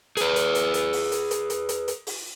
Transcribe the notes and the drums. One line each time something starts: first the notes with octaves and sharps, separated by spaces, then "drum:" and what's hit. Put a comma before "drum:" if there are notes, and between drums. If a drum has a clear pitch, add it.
G#4 B4, drum: hi-hat
drum: hi-hat
drum: hi-hat
drum: hi-hat
drum: open hi-hat
drum: hi-hat
drum: hi-hat
drum: hi-hat
drum: hi-hat
drum: hi-hat
drum: open hi-hat